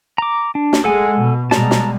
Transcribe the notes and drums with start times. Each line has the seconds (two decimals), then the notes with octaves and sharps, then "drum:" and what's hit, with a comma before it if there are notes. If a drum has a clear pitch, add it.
0.18 A#5 D6
0.55 D4
0.73 drum: snare
0.84 G#3 A4 F#5 G#5
1.20 B2
1.51 B2 G3 G#3 A5 A#5, drum: snare
1.71 drum: snare